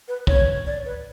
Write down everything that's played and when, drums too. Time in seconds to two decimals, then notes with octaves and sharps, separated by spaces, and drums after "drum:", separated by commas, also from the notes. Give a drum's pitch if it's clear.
0.08 B4
0.27 C#5, drum: kick
0.66 D5
0.85 B4